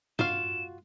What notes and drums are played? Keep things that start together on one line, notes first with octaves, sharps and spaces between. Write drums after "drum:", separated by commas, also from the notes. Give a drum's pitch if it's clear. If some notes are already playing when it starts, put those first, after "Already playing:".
F4 F#4 F5 E7, drum: tom